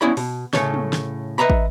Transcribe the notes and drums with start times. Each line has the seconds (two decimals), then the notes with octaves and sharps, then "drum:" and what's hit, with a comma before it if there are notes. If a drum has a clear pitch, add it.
0.01 B3 C#4 E4 D5 B5
0.17 B2, drum: open hi-hat
0.53 A2 C#3 E3 A3 A4 C#5, drum: snare
0.74 drum: tom
0.93 drum: snare
1.38 B4 D#5 E5 A#5 B5
1.50 drum: kick